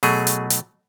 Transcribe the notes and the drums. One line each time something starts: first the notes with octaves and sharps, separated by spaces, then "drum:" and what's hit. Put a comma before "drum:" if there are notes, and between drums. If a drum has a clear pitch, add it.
B2 F#3 A3 G#4, drum: open hi-hat
drum: hi-hat
drum: hi-hat